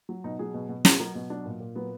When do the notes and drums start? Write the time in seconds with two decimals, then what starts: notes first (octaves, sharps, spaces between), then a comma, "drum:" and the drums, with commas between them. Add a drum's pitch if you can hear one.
0.09 F#3
0.24 B2 D#4
0.39 F#3 G#4
0.54 B2
0.69 B2
0.85 F#3 A#4, drum: snare
1.00 F#3 A#4
1.15 B2
1.30 F#3 D4
1.46 A#2
1.60 A#2
1.75 F#3 B3